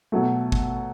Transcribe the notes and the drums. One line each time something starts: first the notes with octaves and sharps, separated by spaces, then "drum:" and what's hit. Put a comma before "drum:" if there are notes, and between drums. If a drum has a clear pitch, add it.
B2 F#3 A3
drum: kick G#1